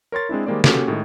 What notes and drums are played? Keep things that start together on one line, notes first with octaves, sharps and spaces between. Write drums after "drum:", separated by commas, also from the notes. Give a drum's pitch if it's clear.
A#4 C#5 C6 A6
G#3 C4 D4 E4
D#3 G3 G#3 A#3 C5 D5
A#3 C#4 F#4 G4 A4, drum: snare
A2 D#3 G#3